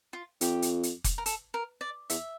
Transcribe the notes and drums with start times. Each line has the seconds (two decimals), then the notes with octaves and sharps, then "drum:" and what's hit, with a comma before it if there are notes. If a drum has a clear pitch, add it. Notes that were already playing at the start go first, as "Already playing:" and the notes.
0.13 F4
0.41 F2 G4, drum: hi-hat
0.62 drum: hi-hat
0.83 drum: hi-hat
1.04 drum: kick F1, hi-hat
1.18 A#4
1.26 A4, drum: hi-hat
1.54 A#4
1.81 D5
2.10 E2 E5, drum: hi-hat